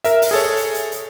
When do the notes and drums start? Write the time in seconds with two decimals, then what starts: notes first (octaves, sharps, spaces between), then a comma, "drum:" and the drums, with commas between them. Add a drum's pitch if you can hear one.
0.04 A#4 E5, drum: hi-hat
0.22 drum: open hi-hat
0.31 G#4 A4 C#5
0.57 drum: hi-hat
0.74 drum: hi-hat
0.92 drum: hi-hat